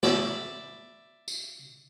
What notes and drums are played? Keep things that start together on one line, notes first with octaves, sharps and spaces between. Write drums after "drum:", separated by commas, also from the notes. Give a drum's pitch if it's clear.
D5 E5 B5, drum: snare
drum: tambourine